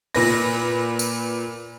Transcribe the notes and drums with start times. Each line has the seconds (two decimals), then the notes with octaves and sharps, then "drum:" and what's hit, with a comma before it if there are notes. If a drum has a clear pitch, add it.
0.15 A#2 B4 A#6, drum: open hi-hat
0.99 drum: tambourine